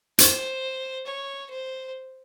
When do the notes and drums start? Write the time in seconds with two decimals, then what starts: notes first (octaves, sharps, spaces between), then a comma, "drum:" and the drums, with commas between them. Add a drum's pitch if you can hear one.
0.18 C5, drum: hi-hat
1.06 C#5
1.50 C5